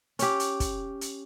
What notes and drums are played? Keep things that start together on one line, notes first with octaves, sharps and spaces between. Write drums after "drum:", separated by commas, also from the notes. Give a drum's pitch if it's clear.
C#4 G4, drum: hi-hat
drum: hi-hat
drum: kick, hi-hat
drum: hi-hat